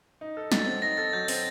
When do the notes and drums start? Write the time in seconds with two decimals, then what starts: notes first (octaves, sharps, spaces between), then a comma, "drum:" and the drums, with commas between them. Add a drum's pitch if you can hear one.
0.21 D#4
0.37 A4
0.52 F#3 A6, drum: snare
0.66 C4
0.82 D#4 A#6
0.97 A4 A6
1.13 F#3 G6
1.28 C4 A6, drum: open hi-hat